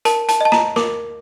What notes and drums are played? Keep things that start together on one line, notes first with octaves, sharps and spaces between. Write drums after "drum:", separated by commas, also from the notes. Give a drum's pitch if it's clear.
A#4 A5, drum: hi-hat
A5, drum: hi-hat
D#5 A5
A#5, drum: snare
A#4 D6, drum: snare